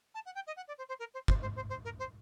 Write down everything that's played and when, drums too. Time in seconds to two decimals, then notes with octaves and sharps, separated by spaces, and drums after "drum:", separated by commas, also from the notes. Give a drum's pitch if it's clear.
0.14 A5
0.26 F#5
0.35 G5
0.47 D#5
0.57 F#5
0.68 D5
0.78 C5
0.89 C5
0.99 A#4
1.14 C5
1.28 C5, drum: kick
1.42 C5
1.56 C5
1.70 C5
1.85 A#4
1.99 C5